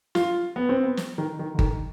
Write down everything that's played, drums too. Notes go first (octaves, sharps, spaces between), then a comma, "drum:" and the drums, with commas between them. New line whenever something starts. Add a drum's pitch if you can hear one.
F4, drum: snare
B3
C4
B3
drum: snare
D#3
D#3
D3
D#3, drum: kick G1